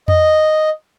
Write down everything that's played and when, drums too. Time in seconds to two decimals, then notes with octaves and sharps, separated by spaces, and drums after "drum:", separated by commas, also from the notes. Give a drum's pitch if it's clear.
0.08 D#5, drum: tom F2